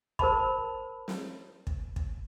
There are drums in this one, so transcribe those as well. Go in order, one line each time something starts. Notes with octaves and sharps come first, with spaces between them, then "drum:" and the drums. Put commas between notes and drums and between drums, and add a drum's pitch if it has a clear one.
A#4 C5 A5 B5, drum: kick
drum: snare
drum: kick
drum: kick